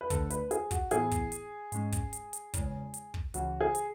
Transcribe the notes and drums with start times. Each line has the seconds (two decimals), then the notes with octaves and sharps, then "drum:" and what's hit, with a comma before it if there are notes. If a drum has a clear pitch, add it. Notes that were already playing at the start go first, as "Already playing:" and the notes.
0.01 B4
0.10 D2 D3 A3 A4, drum: kick, hi-hat
0.30 B4, drum: hi-hat
0.51 G#4, drum: hi-hat
0.71 F#4, drum: kick, hi-hat
0.91 A2 E3 B3 E4 G#4, drum: hi-hat
1.11 drum: kick, hi-hat
1.32 drum: hi-hat
1.72 G#2 G#3 C#4, drum: hi-hat
1.92 drum: kick, hi-hat
2.13 drum: hi-hat
2.33 drum: hi-hat
2.54 E2 C#3 G#3, drum: kick, hi-hat
2.94 drum: hi-hat
3.14 drum: kick
3.34 C#2 C#3 E3 F#4, drum: hi-hat
3.61 G#4
3.75 drum: hi-hat